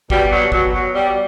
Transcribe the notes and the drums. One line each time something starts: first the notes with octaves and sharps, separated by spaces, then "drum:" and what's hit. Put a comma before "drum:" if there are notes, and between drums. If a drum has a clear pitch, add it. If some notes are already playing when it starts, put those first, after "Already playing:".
B2 G3, drum: kick
B2 F#3
B2 F#3, drum: kick
B2 F#3
B2 G3